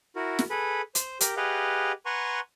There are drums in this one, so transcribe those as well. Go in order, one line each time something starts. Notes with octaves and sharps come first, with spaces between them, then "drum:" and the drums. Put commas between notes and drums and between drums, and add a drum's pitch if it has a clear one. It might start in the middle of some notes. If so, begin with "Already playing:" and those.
E4 F#4 A#4
drum: snare
G#4 A4 B4 B5
C5, drum: hi-hat
G4 A#4, drum: hi-hat
G4 G#4 B4 D#5 F5 F#5
B4 F#5 G#5 A#5 C6 C#6